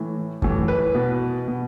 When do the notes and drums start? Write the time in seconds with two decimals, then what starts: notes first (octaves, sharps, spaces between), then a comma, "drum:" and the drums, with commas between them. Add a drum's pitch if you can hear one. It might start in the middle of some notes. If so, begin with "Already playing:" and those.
Already playing: A2 E3
0.42 A2 E3, drum: kick F2
0.68 B4
0.95 B2
1.48 B2